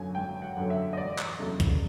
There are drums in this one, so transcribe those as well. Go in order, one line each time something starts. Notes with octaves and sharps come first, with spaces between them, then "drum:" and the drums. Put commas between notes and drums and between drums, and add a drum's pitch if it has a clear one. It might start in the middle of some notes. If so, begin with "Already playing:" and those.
Already playing: F#2 D3 F#3 G#5
G#1 G5
F#5
F#2 D3 F#3
E5
D#5
E1 D5
drum: clap
E2 C#3 F#3 A3
drum: kick B1, hi-hat